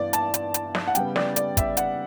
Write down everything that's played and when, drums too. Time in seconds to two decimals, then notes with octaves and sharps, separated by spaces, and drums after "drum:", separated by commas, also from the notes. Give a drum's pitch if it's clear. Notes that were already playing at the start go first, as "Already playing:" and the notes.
Already playing: G2 E3 B3 D5
0.13 A5, drum: hi-hat
0.34 drum: hi-hat
0.54 drum: hi-hat
0.75 drum: snare
0.88 F#5
0.95 C#3 G3 B3 G5, drum: hi-hat
1.16 D5, drum: snare
1.36 D5, drum: hi-hat
1.57 E5, drum: kick, hi-hat
1.77 F#5, drum: hi-hat